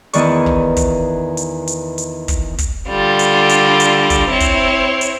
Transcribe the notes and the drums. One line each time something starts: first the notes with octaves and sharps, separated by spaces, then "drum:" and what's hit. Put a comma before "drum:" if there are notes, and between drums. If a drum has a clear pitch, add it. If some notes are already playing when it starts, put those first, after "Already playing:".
E2 D#3 E3 D5 C#6, drum: hi-hat
drum: kick
drum: kick, hi-hat
drum: hi-hat
drum: hi-hat
drum: hi-hat
drum: kick, hi-hat
drum: kick, hi-hat
D3 G3 F4
drum: hi-hat
drum: hi-hat
drum: hi-hat
drum: kick, hi-hat
C4 E4 C#5
drum: kick, hi-hat
drum: hi-hat